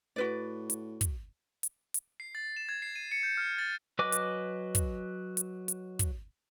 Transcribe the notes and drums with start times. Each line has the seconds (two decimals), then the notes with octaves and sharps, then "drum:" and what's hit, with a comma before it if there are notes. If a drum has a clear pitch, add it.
0.16 A2 F#4 B4 D5
0.70 drum: hi-hat
1.01 drum: kick, hi-hat
1.63 drum: hi-hat
1.94 drum: hi-hat
2.20 C7
2.35 A6
2.57 E7
2.69 G#6
2.82 C7
2.96 D#7
3.12 C#7
3.23 G6
3.37 F6
3.58 A6
3.99 F#3 B4 D#5 G#5 D6
4.12 drum: hi-hat
4.75 drum: kick, hi-hat
5.37 drum: hi-hat
5.68 drum: hi-hat
5.99 drum: kick, hi-hat